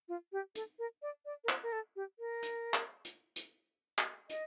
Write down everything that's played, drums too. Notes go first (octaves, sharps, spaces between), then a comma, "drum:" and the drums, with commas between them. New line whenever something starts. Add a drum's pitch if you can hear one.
F4
G4
A4, drum: hi-hat
A#4
D5
D5
A#4
C5, drum: clap
A#4
A4
G4
A#4
drum: hi-hat
drum: clap
drum: hi-hat
drum: hi-hat
drum: clap
D#5, drum: hi-hat